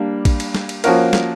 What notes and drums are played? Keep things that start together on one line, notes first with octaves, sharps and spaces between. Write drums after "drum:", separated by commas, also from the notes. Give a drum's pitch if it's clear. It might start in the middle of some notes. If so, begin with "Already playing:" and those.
Already playing: G3 A#3 D4
drum: kick A#1, cymbal
drum: cymbal
drum: snare
drum: cymbal
F3 A#3 C#4 F#4 A#4, drum: cymbal
drum: snare